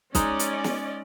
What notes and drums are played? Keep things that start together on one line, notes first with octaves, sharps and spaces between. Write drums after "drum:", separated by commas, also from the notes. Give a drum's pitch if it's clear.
G#3 C#4 D#4 D5 D#5, drum: kick, hi-hat
drum: hi-hat
drum: snare